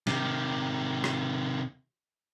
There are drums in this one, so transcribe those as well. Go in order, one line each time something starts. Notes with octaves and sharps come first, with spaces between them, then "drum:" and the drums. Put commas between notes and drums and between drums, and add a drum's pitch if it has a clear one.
C3 D#3, drum: snare
drum: rim click